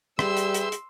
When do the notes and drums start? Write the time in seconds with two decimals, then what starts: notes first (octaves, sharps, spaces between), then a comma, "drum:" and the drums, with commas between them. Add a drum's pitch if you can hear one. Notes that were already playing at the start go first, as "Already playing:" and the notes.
0.19 G3 G#4 B4 E5 G5 C6 E6, drum: rim click
0.37 drum: hi-hat
0.54 drum: hi-hat
0.72 drum: hi-hat